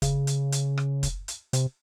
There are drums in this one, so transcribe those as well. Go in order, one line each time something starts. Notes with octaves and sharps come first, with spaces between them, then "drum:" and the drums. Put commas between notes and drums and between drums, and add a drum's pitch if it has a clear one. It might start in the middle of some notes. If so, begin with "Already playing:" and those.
C#3, drum: kick, hi-hat
drum: hi-hat
drum: hi-hat
drum: rim click
drum: kick, hi-hat
drum: hi-hat
C3, drum: hi-hat